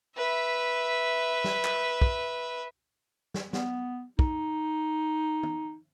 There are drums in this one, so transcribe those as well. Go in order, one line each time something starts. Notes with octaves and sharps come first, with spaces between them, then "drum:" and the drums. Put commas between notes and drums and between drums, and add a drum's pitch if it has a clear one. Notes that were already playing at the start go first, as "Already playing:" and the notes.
B4 E5
drum: snare
drum: clap
drum: kick
drum: snare
B3, drum: snare
D#4, drum: kick
drum: tom